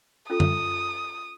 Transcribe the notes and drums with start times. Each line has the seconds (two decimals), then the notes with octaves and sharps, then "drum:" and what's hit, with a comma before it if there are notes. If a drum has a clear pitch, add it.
0.30 C#4 F4 A4 D#6
0.40 drum: tom